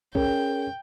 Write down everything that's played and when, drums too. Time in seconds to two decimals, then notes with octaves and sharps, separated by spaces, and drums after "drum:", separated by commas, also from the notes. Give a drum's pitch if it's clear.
0.15 C#4 G#4 A#4 G5, drum: kick C2